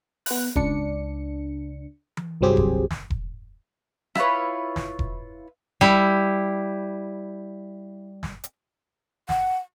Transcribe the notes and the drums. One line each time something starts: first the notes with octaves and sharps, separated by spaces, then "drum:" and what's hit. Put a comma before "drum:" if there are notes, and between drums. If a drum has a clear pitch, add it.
B3 F#6, drum: open hi-hat
C#2 D4 C#7, drum: kick E1
drum: tom E3
G1 C2 F#3 C4 G4 G#4
drum: kick E1
drum: snare
drum: kick E1
E4 F4 B4 C#5, drum: rim click
drum: snare
drum: kick E1
G3 E4, drum: snare
drum: snare
drum: hi-hat
F#5, drum: snare